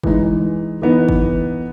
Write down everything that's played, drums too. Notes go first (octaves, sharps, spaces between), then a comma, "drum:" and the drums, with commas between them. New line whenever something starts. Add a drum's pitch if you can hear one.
E3 G#3 D#4, drum: kick F#1
E3 B3 D#4
drum: kick F#1